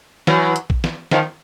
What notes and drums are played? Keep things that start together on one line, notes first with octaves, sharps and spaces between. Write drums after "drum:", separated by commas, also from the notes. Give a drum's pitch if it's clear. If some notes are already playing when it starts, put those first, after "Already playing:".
E3 F#3, drum: snare
drum: hi-hat
drum: kick
drum: snare
D#3 F3, drum: snare